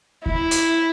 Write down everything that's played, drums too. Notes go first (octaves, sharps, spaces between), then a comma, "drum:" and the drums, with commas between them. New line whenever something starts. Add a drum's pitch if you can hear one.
E4, drum: kick D#2
drum: hi-hat